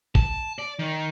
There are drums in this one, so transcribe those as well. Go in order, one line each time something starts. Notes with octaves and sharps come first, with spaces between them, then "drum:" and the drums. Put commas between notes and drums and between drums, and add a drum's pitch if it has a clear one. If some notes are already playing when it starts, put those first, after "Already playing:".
A5, drum: kick
D5
D#3